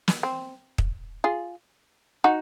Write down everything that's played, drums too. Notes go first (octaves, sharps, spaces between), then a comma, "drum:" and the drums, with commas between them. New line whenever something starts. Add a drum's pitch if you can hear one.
drum: snare
C4
drum: kick
F4 G#4
D#4 F#4